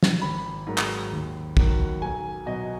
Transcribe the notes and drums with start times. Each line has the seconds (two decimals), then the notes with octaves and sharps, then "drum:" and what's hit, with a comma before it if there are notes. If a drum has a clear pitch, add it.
0.03 drum: snare
0.22 G#1 B5
0.67 G#2 D#3 F#3
0.78 drum: clap
1.12 D#2
1.57 D#3 F#3, drum: kick
2.02 B1 G#5
2.46 B2 F#3 D#5